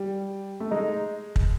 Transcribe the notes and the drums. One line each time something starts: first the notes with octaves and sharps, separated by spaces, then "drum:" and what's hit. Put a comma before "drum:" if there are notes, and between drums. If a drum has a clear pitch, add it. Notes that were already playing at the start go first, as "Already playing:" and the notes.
Already playing: G3
A3
G#3 D#4
drum: kick